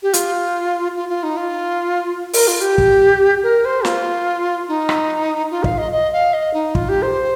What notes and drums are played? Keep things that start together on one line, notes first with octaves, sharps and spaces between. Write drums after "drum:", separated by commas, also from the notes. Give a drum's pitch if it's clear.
G4
F4, drum: hi-hat
F4
F4
D#4
F4
A#4, drum: open hi-hat
F4
G4
drum: kick
A#4
C5
F4, drum: snare
D#4
drum: rim click
F4
F5, drum: kick
D#5
D#5
F5
D#5
D#4
F4, drum: kick
G4
C5